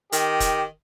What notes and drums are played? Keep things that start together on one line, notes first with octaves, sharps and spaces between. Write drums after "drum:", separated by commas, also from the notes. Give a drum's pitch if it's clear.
D#3 G4, drum: hi-hat
drum: kick, hi-hat